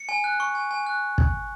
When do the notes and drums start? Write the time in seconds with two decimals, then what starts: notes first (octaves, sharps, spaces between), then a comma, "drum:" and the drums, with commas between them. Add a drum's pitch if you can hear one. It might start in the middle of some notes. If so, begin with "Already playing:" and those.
Already playing: C#7
0.09 G#5
0.24 F#6
0.40 C#6
0.55 G#5
0.71 G#5
0.87 F#6
1.18 drum: kick